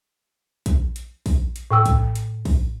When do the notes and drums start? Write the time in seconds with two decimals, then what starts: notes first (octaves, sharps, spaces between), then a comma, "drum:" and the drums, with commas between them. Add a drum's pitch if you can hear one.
0.66 drum: kick, hi-hat
0.96 drum: hi-hat
1.26 drum: kick, open hi-hat
1.56 drum: hi-hat
1.71 A2 G5 E6
1.86 drum: kick, hi-hat
2.15 drum: hi-hat
2.45 drum: kick, open hi-hat